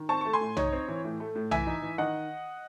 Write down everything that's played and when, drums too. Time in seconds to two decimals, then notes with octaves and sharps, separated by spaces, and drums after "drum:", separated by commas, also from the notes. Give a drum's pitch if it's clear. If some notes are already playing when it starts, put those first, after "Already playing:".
Already playing: D#3
0.09 C4 A5 C#6
0.21 A3 C#6
0.33 G#5 C6
0.41 A2
0.57 D#4 C#5, drum: tom B1
0.72 C4
0.88 E3
1.05 A2
1.20 A3
1.35 A2
1.51 E3 E5 G#5, drum: tom B1
1.67 D#4
1.82 E3
1.98 D#3 D#5 F#5